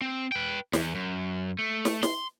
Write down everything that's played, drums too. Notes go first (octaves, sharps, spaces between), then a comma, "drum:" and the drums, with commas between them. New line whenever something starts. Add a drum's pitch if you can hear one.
C4
B4 G5
E2, drum: snare
F#2
A3
drum: snare
C6, drum: snare